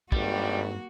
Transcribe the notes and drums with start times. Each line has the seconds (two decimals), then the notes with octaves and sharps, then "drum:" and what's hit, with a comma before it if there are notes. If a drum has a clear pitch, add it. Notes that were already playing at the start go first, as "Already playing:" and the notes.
0.12 G#1 G2 G3 A#3 F#4, drum: kick